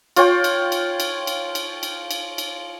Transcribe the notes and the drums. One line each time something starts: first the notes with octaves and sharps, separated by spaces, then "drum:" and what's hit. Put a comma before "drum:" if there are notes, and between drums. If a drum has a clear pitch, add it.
F4 C#5 G5, drum: cymbal
drum: cymbal
drum: cymbal
drum: cymbal
drum: cymbal
drum: cymbal
drum: cymbal
drum: cymbal
drum: cymbal